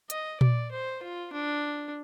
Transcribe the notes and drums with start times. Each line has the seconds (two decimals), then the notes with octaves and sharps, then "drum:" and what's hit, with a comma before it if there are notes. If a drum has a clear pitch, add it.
0.10 D#5, drum: hi-hat
0.41 D5, drum: tom A#2
0.72 C5
1.03 F4
1.33 D4